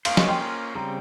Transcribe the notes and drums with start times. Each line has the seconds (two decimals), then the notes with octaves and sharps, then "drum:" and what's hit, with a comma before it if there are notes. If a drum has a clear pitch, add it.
0.05 A#3 C#4 F4 C5 F5, drum: cymbal
0.17 D#5, drum: snare
0.29 G5
0.75 C#3 G3 C4 A#5